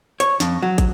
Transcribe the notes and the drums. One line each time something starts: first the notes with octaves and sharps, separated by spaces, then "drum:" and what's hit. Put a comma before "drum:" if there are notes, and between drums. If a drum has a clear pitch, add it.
C#5, drum: hi-hat
F2, drum: snare
F#3
drum: kick, hi-hat